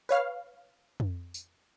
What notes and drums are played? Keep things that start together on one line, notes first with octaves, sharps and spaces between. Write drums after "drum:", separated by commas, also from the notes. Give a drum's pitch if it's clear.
B4 C#5 F5 F6
drum: tom F2
drum: tambourine